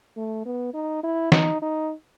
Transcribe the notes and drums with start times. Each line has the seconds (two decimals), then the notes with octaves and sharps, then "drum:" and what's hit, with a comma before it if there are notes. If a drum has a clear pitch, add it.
0.16 A3
0.45 B3
0.74 D#4
1.03 E4
1.32 D#4, drum: snare E3
1.62 D#4